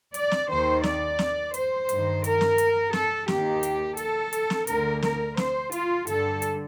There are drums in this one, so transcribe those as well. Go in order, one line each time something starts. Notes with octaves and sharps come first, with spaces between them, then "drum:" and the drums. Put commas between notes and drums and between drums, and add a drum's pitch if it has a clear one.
D5, drum: hi-hat
drum: snare
D#2 D#3 C5
D5, drum: snare
drum: snare
C5, drum: hi-hat
G2 D#3, drum: hi-hat
A#4, drum: hi-hat
drum: snare
drum: hi-hat
A4, drum: snare
D#2 D#3 G4, drum: snare
drum: hi-hat
A4, drum: hi-hat
drum: hi-hat
drum: snare
D2 D3 A#4, drum: hi-hat
A#4, drum: snare
C5, drum: snare
F4, drum: hi-hat
G2 D3 A4, drum: hi-hat
drum: hi-hat